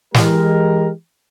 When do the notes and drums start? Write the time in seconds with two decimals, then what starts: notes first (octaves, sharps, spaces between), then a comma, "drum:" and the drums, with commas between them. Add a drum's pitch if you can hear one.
0.14 E3 G#3 G4 A#4, drum: snare